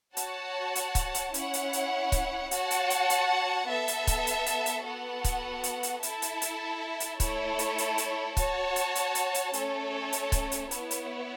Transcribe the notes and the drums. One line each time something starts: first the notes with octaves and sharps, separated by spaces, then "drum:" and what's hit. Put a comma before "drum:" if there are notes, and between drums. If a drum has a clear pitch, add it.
F#4 C#5 F#5 A5, drum: hi-hat
drum: hi-hat
drum: kick C#1, hi-hat
drum: hi-hat
C#4 E4 C#5 F#5, drum: hi-hat
drum: hi-hat
drum: hi-hat
drum: kick C#1, hi-hat
F#4 C#5 F#5 A5, drum: hi-hat
drum: hi-hat
drum: hi-hat
drum: hi-hat
B3 A4 E5 A5
drum: hi-hat
drum: kick C#1, hi-hat
drum: hi-hat
drum: hi-hat
drum: hi-hat
B3 F#4 A4 F#5
drum: kick C#1, hi-hat
drum: hi-hat
drum: hi-hat
E4 A4 E5 A5, drum: hi-hat
drum: hi-hat
drum: hi-hat
drum: hi-hat
A3 E4 A4 C#5, drum: kick C#1, hi-hat
drum: hi-hat
drum: hi-hat
drum: hi-hat
F#4 C#5 A5, drum: kick C#1, hi-hat
drum: hi-hat
drum: hi-hat
drum: hi-hat
drum: hi-hat
A3 C#4 A4 C#5, drum: hi-hat
drum: hi-hat
drum: kick C#1, hi-hat
drum: hi-hat
B3 E4 C#5, drum: hi-hat
drum: hi-hat